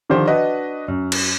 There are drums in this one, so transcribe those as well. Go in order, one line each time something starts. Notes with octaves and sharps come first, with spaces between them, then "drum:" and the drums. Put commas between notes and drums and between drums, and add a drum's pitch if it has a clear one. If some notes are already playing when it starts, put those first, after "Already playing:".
D3 D#3 F3 G4 C5
D4 F#4 B4 D#5
F#2
drum: cymbal